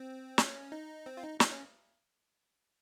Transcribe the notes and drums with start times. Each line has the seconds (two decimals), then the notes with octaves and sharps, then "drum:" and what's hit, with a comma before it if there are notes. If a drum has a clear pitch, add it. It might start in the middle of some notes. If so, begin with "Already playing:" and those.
Already playing: C4
0.38 C#4, drum: snare
0.72 D#4
1.06 C4
1.17 F4
1.23 D#4
1.40 D#4, drum: snare
1.51 C#4